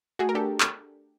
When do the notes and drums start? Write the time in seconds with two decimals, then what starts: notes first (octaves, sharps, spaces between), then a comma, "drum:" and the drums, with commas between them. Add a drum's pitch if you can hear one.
0.19 A3 F#4 G#4
0.29 A#4
0.35 D4 G4 A4
0.60 drum: clap